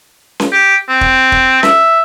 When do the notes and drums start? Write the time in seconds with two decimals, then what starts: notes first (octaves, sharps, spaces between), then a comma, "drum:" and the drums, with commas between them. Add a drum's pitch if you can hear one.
0.40 drum: snare C#4
0.52 G4
0.89 C4
1.01 drum: kick
1.32 drum: kick
1.63 E5, drum: snare C#4